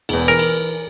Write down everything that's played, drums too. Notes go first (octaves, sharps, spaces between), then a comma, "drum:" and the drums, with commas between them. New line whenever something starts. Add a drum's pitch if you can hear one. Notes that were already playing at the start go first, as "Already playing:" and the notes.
E1 E2, drum: cymbal
E3 A#4
drum: cymbal